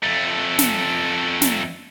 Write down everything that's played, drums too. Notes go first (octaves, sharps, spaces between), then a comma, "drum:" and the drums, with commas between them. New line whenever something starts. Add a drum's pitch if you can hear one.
F2 A3
drum: snare
drum: snare